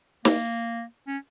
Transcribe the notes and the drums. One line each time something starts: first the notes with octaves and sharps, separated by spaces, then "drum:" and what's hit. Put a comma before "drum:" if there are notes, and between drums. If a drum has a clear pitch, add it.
A#3, drum: snare
C#4